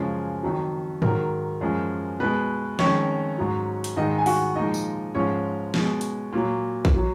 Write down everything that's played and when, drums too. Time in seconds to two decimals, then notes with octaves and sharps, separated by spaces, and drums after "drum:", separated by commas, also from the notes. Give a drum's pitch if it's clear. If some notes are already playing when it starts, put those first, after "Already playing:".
Already playing: F#2 C#3 F3 G#3
0.43 F2 D#3 F#3
1.02 G#2 D#3 F#3 A#4, drum: tom G#2
1.61 F#2 F3 G#3
2.20 B2 G#3 B4
2.79 F2 D#3 G#3 C#4 C#5, drum: snare
3.38 G#2 F#3
3.84 drum: hi-hat
3.96 G#2 D#3 G#3 D#4 D#5
4.18 G#5
4.26 F#4 F#5, drum: open hi-hat
4.55 A#2 F3 G#3 D#4 D#5
4.74 drum: tambourine
5.15 G#2 F3 G#3 C#4 C#5
5.74 B2 G#3, drum: snare
6.01 drum: hi-hat
6.33 A#2 F#3
6.85 drum: kick
6.96 F#3